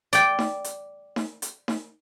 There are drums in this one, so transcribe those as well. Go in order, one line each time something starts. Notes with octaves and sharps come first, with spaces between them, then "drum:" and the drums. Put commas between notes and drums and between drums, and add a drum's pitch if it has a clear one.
D5 G5, drum: hi-hat
drum: snare D#4
drum: hi-hat
drum: snare D#4
drum: hi-hat
drum: snare D#4